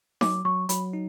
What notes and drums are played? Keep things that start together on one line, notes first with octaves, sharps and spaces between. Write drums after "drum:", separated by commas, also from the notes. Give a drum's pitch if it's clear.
F#3 D6, drum: snare D#4
F#3 C#6
F#3 B5, drum: hi-hat
D#4